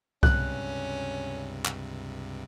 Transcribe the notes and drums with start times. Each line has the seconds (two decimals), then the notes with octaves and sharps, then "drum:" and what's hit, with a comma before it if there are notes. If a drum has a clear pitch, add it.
0.23 C#2 G2 C3 C#4 F#6, drum: kick C2
1.65 drum: clap